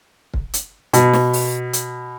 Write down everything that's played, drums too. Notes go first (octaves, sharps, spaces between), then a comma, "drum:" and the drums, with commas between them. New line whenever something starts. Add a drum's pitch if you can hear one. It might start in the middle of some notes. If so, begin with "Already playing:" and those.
drum: kick
drum: hi-hat
B2, drum: hi-hat
drum: snare
drum: open hi-hat
drum: hi-hat